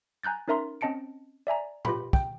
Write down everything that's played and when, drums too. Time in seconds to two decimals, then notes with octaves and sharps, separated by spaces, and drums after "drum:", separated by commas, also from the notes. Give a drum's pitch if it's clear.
0.23 G#5 A#5 F#6 G6 A6
0.48 C#4 D#4 A#4 E5 A#5 C6
0.81 C4 C#4 D#5 A5 C#7 D7
1.47 D5 E5 G#5 A#5
1.85 F4 G4 B4 B5 C6, drum: tom
2.13 G5, drum: kick